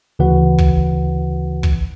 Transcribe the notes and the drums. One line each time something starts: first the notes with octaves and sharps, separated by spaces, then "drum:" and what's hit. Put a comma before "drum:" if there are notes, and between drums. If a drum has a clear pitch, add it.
D2 C#3 E3 F#4 B4 F#5
drum: kick
drum: kick